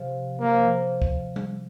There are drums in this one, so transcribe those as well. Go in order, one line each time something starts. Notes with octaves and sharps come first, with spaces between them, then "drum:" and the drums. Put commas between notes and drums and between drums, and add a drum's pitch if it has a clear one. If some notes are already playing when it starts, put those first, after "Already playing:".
Already playing: C3 F3
F3 A#3
F3
drum: kick
drum: tom G3